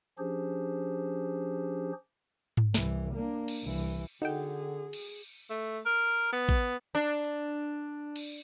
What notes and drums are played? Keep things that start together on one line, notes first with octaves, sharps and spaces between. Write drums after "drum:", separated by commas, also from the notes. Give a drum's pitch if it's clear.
F3 C#4 D4 G4 G#4 C5
drum: tom G#2
C2 E3, drum: snare
A#3 D4
drum: cymbal
C2 E3
D3 D#4 F#4 G#4 A4 F#5 G5
drum: cymbal
A3
A#4
B3, drum: open hi-hat
drum: kick
D4
drum: hi-hat
drum: cymbal